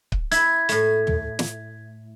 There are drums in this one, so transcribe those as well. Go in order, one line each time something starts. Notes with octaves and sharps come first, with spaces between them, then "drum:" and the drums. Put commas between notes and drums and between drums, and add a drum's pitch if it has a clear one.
drum: kick C#1
E4 G#6 B6, drum: hi-hat
A2 A3, drum: hi-hat
drum: tom
drum: snare